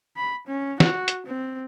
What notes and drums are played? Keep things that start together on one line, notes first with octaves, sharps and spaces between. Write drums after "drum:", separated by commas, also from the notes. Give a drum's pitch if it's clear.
B5
C#4
F#4, drum: snare
drum: hi-hat
C4